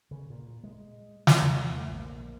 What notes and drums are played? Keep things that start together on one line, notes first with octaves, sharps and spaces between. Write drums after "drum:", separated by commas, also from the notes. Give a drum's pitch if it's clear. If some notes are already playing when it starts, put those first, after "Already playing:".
C#3
A#2
G#3
drum: snare
E2
A3
A#1